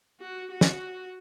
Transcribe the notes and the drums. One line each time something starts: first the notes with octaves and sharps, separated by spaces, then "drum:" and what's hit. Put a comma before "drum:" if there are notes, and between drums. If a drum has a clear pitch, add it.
F#4
F#4
drum: snare